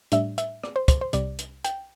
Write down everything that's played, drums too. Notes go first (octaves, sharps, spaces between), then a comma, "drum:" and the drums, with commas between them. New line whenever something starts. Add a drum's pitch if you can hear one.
A2 G3 D4 E5, drum: hi-hat
E5, drum: hi-hat
D5, drum: rim click
C5
C5, drum: kick, hi-hat
C5
C2 C3 G3 D5, drum: hi-hat
drum: hi-hat
G5, drum: hi-hat